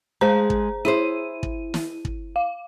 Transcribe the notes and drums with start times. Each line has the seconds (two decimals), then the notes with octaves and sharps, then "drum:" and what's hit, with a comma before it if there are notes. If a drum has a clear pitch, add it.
0.21 G#3 G#4 C5 A#5
0.50 drum: kick
0.85 E4 G#4 C5 D#7
1.43 drum: kick
1.74 drum: snare
2.05 drum: kick
2.36 F5